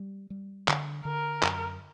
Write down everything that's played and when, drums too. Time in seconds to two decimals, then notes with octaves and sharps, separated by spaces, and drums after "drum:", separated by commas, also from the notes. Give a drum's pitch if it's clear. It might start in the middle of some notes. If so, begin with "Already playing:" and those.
Already playing: G3
0.30 G3
0.68 D3, drum: clap
1.05 D3 A#4
1.43 F#2, drum: clap